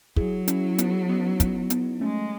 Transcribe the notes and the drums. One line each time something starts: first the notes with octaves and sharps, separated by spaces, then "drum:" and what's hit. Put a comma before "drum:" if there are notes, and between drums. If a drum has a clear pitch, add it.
F#3 E4 G#4, drum: kick
C#4 E4, drum: hi-hat
B3 D#4, drum: hi-hat
B3 D#4
B3 D#4, drum: kick, hi-hat
B3 D#4, drum: hi-hat
G#3 A3 C#4